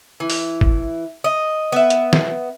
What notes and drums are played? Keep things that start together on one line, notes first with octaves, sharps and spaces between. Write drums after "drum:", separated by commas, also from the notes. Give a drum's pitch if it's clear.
E3
drum: open hi-hat
drum: kick
D#5
B3 E5
drum: hi-hat
drum: snare